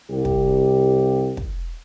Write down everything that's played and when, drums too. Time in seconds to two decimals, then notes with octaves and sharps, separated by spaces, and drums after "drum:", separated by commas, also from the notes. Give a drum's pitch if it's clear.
0.11 C2 G4
0.25 drum: kick
1.37 drum: kick